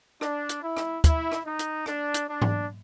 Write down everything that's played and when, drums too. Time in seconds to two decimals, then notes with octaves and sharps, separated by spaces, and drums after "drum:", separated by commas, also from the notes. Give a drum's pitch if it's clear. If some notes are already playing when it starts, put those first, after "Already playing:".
0.21 D4, drum: rim click
0.49 drum: hi-hat
0.62 E4
0.77 drum: rim click
1.04 E4, drum: kick, hi-hat
1.32 drum: rim click
1.45 D#4
1.59 drum: hi-hat
1.86 D4, drum: rim click
2.14 drum: hi-hat
2.28 D4
2.42 drum: tom G#2